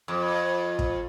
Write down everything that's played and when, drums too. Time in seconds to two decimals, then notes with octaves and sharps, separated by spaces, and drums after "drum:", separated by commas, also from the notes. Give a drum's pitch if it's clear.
0.08 F2
0.79 drum: kick